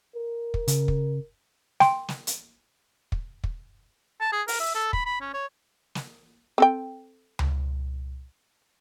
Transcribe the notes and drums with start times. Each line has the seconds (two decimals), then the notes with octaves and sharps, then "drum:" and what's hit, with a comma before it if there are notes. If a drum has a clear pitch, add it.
0.15 A#4
0.54 drum: kick
0.68 C#3, drum: hi-hat
0.88 drum: kick
1.80 G5 C6, drum: snare
2.09 drum: snare
2.27 drum: hi-hat
3.12 drum: kick
3.44 drum: kick
4.21 A5
4.32 G#4
4.48 A#4, drum: open hi-hat
4.60 E5
4.75 A4
4.93 B5, drum: kick
5.06 B5
5.21 C#4
5.34 C#5
5.95 drum: snare
6.58 C4 A4 G5
7.39 drum: tom C#2